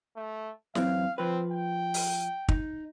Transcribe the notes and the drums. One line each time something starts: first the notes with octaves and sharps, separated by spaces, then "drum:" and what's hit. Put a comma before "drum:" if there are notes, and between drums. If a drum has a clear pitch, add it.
A3
F#2 E3 C4 F5, drum: snare
F3 C4 B4
G5
drum: open hi-hat
D#4, drum: kick